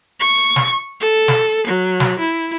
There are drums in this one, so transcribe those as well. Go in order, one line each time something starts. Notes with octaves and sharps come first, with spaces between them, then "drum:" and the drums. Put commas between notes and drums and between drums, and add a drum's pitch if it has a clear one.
C#6
drum: snare
A4
drum: snare
F#3
drum: snare
E4